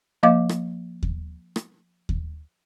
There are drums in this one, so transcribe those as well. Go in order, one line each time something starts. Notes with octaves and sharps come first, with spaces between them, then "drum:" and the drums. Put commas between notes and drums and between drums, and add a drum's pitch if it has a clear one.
F3 A#3 D#5 F5 D6
drum: rim click
drum: kick D#2
drum: rim click
drum: kick D#2